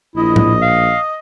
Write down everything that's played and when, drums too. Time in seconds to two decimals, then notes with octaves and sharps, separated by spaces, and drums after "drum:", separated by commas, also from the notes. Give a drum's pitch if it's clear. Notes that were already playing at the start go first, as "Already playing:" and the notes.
0.16 A#1 E4 D#5
0.36 drum: tom A2
0.62 F5